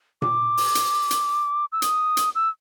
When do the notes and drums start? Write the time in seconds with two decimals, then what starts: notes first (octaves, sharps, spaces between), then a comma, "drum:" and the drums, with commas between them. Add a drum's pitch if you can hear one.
0.22 D6, drum: tom A#2
0.57 drum: open hi-hat
0.75 drum: hi-hat
1.11 drum: hi-hat
1.72 E6
1.82 D#6, drum: hi-hat
2.17 drum: hi-hat
2.35 E6